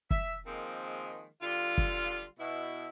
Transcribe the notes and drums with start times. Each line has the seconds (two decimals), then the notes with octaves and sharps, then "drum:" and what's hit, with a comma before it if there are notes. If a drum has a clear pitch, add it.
0.11 E5, drum: kick
0.46 D#3 F3 G#3 A#3 C4
1.42 D3 G3 F4
1.78 drum: kick
2.39 B2 E4